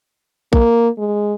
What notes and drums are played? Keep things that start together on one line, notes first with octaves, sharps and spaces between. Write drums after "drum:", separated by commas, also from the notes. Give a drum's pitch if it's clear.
A#3, drum: kick A#1
G#3